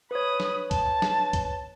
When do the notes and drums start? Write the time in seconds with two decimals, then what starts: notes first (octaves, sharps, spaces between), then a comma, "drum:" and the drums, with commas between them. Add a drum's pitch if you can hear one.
0.11 B4 C#5 B5 D#6
0.40 drum: snare
0.71 A5, drum: kick, hi-hat
1.02 drum: snare
1.33 drum: kick, hi-hat